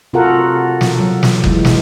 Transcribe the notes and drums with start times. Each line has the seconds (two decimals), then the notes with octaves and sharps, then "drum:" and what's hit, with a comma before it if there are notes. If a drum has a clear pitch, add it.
0.13 C3 F4 F#4 A4 A#4 F#5
0.81 drum: snare
1.00 F#3
1.23 drum: snare
1.44 E3 G#3, drum: kick F#1
1.65 drum: snare